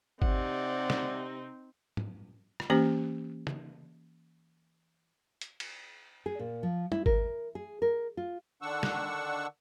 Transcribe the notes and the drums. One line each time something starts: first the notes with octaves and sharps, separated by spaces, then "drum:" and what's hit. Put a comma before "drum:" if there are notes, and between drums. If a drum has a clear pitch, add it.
C3 C4 D#4 D5 F#5, drum: kick G#1
drum: snare
drum: tom
drum: rim click
E3 A#3 C#4 G4 C5
drum: tom
drum: hi-hat
drum: cymbal
G#4
A#2
F3
E4, drum: tom
A#4, drum: kick G#1
G#4
A#4
F4
D3 D#3 D4 F#5 C#6 E6
drum: snare